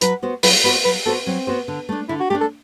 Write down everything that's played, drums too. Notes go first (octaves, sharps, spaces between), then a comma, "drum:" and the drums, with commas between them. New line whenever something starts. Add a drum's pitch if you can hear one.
F#3 B4, drum: hi-hat
B3 F#4 C5
F#3 B4, drum: open hi-hat
B3 F#4 B4 C5
F#3 B4
B3 F#4 A4 C5
F#3 C4
B3 F#4 C5
D3
A3 D4
D3 E4
F#4
A3 D4 G4
A4